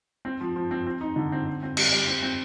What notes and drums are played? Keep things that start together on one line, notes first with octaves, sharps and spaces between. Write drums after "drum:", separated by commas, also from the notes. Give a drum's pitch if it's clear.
C4
F3
F3
C4
C4
D#4
D3
C4
C4
C4
G3, drum: cymbal
G3
C4
C4